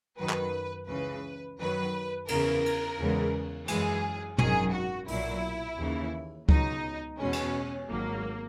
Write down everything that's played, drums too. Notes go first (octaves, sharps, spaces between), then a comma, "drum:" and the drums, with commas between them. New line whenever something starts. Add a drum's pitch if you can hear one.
F#2 D#3 F#3 B4
drum: clap
C#2 C#3 E3 B4
F#2 D#3 F#3 B4
E2 C#3 E3 A#4, drum: cymbal
drum: cymbal
E2 C#3 E3 G#3
F#2 E3 G#3 G#4, drum: cymbal
G#1 F#2 D#3 F#3 G#4, drum: tom
F#4
B1 A#2 F#3 E4, drum: open hi-hat
D#2 C#3 E3
C#2 B2 F#3 D#4, drum: kick C#2
E2 B2 G#3 C#4
drum: cymbal
G#1 G#2 F#3 A#3